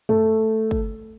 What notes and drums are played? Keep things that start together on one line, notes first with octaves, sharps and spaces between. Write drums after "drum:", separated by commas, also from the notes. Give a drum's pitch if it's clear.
A3, drum: tom
drum: kick G1